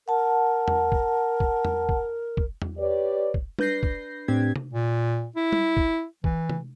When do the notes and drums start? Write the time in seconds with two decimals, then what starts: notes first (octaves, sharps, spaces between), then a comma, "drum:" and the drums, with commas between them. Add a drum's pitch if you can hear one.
0.08 A#4 F#5 A5
0.68 drum: tom E2
0.92 drum: kick
1.40 drum: kick
1.65 drum: tom E2
1.89 drum: kick
2.37 drum: kick
2.62 drum: tom E2
2.79 G4 B4 C#5 D5
3.34 drum: kick
3.59 D4 B4 G6 A#6 C7, drum: tom
3.83 drum: kick
4.28 A2 C4 D4 G4 G#6
4.56 drum: tom C3
4.73 A#2
5.36 E4
5.53 drum: tom
5.77 drum: kick
6.24 E3, drum: kick
6.50 drum: tom C3